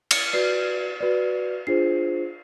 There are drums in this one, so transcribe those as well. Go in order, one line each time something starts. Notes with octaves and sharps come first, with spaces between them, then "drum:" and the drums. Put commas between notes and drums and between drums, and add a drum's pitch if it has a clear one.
C#7, drum: cymbal
F#4 B4 D5 C7
F#4 B4 D5
D4 F4 G#4 C5 C7